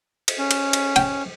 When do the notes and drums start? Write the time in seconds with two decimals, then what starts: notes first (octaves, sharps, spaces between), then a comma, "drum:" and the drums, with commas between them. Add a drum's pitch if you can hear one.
0.28 drum: cymbal
0.39 C#4
0.51 drum: cymbal
0.73 drum: cymbal
0.96 G5, drum: cymbal